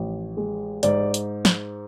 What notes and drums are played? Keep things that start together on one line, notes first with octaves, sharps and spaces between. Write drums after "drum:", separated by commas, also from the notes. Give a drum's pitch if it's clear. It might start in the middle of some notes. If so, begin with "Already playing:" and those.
Already playing: A1 F3
G#3
G#2 D5, drum: hi-hat
drum: hi-hat
drum: snare